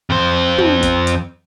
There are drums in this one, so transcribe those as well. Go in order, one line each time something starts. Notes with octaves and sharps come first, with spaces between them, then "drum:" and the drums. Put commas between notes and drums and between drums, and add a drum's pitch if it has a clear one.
F2 C5
drum: tom
drum: kick, hi-hat
drum: hi-hat